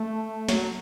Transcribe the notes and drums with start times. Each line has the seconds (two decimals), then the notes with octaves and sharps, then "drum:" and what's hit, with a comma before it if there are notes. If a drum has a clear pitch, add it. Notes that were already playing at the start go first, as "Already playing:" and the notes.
Already playing: A3
0.49 F#3, drum: snare